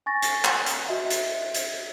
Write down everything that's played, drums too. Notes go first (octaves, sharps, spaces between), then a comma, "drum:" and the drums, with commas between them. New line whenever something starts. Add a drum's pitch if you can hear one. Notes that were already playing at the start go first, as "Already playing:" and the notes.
G#5 C#6 A6 A#6
drum: hi-hat
drum: clap
drum: hi-hat
F#4 D#5 E5
drum: hi-hat
drum: hi-hat